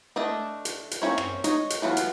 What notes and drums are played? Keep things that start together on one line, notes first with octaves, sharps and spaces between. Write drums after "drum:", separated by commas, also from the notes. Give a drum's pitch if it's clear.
A3 D4 A4 D#5
drum: hi-hat
drum: hi-hat
A#3 C4 C#4 E4 C#5
drum: rim click
D#4 C#5 D#5, drum: hi-hat
drum: hi-hat
E3 F#3 B3 F4
drum: hi-hat